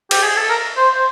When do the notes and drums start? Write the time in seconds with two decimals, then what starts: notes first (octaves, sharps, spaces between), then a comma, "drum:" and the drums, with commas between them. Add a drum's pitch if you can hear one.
0.11 G4, drum: cymbal
0.23 G#4
0.36 A4
0.50 A#4
0.77 C5
0.95 C5